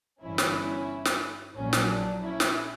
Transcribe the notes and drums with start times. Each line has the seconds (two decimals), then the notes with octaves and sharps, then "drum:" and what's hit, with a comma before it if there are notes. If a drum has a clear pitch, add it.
0.21 G1 G2 E3 C#4 E4
0.38 drum: snare
1.05 drum: snare
1.55 A#1 A#2 F#3 C#4
1.73 drum: snare
1.89 D4
2.23 C#4 E4
2.40 drum: snare